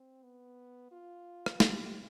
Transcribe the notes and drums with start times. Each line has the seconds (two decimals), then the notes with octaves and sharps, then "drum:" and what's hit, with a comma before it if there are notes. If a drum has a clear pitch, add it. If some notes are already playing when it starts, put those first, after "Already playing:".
Already playing: C4
0.23 B3
0.92 F4
1.46 drum: rim click
1.60 G4, drum: snare